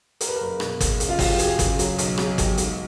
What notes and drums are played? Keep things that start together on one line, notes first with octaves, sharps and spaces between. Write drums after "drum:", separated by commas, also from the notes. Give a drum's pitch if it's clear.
G3 A#4, drum: hi-hat
B4
F#1 A#4
B2, drum: rim click
F#1, drum: kick G1, hi-hat
C#3, drum: hi-hat
F4
F#1 F#4, drum: kick G1, open hi-hat
G4
F#1 G#4, drum: hi-hat
C#3, drum: kick G1, hi-hat
F#3, drum: hi-hat
B1, drum: hi-hat
F#3 G#4, drum: rim click
B1 G4, drum: kick G1, hi-hat
G#2 F#4, drum: hi-hat